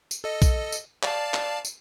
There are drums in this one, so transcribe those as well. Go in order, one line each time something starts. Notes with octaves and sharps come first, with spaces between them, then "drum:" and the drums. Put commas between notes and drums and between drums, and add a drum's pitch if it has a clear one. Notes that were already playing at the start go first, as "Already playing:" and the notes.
drum: tambourine
A4 D#5
drum: kick, tambourine
drum: tambourine
D5 F5 A5, drum: clap
drum: clap
drum: tambourine